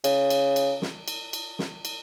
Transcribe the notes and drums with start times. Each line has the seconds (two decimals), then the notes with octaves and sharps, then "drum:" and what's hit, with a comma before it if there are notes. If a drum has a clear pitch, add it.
0.04 C#3, drum: cymbal
0.30 drum: cymbal
0.56 drum: cymbal
0.82 drum: snare
1.08 drum: cymbal
1.33 drum: cymbal
1.59 drum: snare
1.85 drum: cymbal